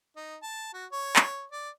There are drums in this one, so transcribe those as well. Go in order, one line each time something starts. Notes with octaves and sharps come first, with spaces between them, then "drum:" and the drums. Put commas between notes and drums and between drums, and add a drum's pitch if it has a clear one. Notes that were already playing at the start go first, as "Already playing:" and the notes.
D#4
A5
F#4
C#5
drum: clap
D5